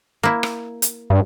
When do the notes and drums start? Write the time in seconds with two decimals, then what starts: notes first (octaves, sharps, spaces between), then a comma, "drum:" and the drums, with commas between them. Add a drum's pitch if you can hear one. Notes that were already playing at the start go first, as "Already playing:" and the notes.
0.23 A#3 E4
0.43 drum: rim click
0.82 drum: hi-hat
1.10 G2